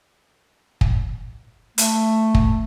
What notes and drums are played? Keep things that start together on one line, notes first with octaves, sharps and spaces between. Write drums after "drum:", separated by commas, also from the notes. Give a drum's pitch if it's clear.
drum: kick
A3, drum: hi-hat
drum: kick